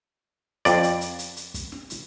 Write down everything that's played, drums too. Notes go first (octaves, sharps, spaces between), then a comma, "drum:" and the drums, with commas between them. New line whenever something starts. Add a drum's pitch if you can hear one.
F2 D5, drum: hi-hat
drum: hi-hat
drum: hi-hat
drum: hi-hat
drum: hi-hat
drum: kick, hi-hat
drum: snare
drum: hi-hat